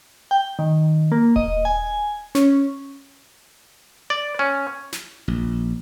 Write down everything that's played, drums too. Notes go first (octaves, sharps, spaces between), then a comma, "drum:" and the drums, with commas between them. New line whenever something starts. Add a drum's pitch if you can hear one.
G5
D#3
A#3
D#5, drum: kick D#1
G#5
C#4, drum: snare
D5
C#4
drum: snare
A#1